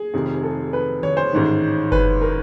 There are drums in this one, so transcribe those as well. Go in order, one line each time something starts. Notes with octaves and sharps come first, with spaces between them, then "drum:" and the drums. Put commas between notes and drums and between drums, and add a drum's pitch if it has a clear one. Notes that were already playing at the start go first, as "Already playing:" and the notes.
Already playing: G#4
F1 F2 C3 D#3
A4
B4
C#5, drum: tom D3
C5
A1 G#2 D#3
B4, drum: kick F#1
A#4